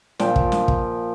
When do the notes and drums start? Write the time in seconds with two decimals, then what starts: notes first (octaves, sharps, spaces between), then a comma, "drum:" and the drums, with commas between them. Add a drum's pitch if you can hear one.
0.19 A#2 F3 G5, drum: snare
0.36 drum: kick
0.52 drum: snare
0.68 drum: kick